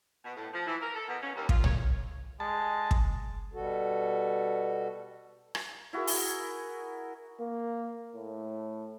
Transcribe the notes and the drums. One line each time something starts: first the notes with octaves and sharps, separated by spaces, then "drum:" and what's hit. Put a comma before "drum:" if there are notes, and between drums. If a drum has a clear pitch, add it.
B2
A2
F3
E3
A#4
A4
B2
C#4
D#2
F4, drum: kick
C#5, drum: tom
G#3 A5
drum: kick
B2 G3 F#4 A4
drum: rim click
E4 F#4 G#4 A#4
drum: open hi-hat
A#3
A2